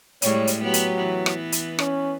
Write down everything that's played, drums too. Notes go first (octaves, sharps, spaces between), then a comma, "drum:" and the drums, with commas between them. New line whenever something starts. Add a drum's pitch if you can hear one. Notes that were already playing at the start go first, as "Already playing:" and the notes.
A2 G3 G#3 C#5, drum: hi-hat
drum: hi-hat
F#3 B3 G4
drum: hi-hat
E3 B3
drum: rim click
drum: hi-hat
C#4, drum: rim click